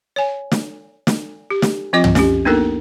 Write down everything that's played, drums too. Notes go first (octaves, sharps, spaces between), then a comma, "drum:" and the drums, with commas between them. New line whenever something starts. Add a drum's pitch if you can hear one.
C#5 G#5
drum: snare
drum: snare
G4
drum: snare
F3 C4 F4 D#5 D6
drum: tom
C#4 G4, drum: snare
A#3 B3 D4 D#4 A4 A#4